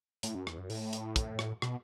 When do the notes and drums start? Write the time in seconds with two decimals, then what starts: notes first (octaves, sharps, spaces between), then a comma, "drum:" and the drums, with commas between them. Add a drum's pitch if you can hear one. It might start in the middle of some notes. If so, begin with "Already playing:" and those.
0.23 A2, drum: hi-hat
0.35 F#2
0.47 E2, drum: rim click
0.59 F#2
0.70 A2, drum: open hi-hat
0.93 drum: hi-hat
1.16 drum: kick, hi-hat
1.39 drum: rim click
1.62 B2, drum: rim click